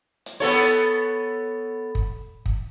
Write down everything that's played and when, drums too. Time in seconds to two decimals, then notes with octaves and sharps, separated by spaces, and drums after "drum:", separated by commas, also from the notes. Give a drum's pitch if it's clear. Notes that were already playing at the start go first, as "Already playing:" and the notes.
0.26 drum: hi-hat
0.40 B3 A4 C#5, drum: open hi-hat
1.95 drum: kick
2.46 drum: kick